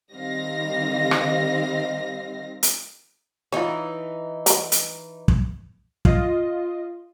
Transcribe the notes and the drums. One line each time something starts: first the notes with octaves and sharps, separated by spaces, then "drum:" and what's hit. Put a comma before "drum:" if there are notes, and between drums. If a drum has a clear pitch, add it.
D#3 G3 C4 D#5 F5 A#6
drum: rim click
drum: hi-hat
E3 D#4 F4 C#5
A#5 B5, drum: hi-hat
drum: hi-hat
drum: kick
F4 D#5, drum: kick